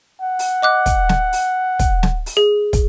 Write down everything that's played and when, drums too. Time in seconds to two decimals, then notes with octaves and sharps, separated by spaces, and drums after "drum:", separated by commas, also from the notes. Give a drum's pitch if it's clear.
0.21 F#5
0.39 drum: open hi-hat
0.62 D#5 D6 F#6
0.86 drum: kick, hi-hat
1.09 drum: snare
1.33 drum: open hi-hat
1.79 drum: kick, hi-hat
2.03 drum: snare
2.26 drum: open hi-hat
2.37 G#4
2.73 drum: kick, hi-hat